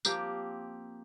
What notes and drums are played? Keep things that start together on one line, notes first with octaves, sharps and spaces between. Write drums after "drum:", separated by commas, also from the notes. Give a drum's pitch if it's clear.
F3 A#3 C4 G4, drum: tambourine